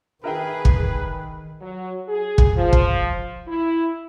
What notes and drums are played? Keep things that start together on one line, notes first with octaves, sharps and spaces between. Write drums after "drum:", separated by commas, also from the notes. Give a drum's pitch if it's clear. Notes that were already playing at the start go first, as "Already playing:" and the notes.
D#3 G#4 A#4 B4 E5 G5
drum: kick
F#3
G#4
drum: kick
F3
drum: kick
E4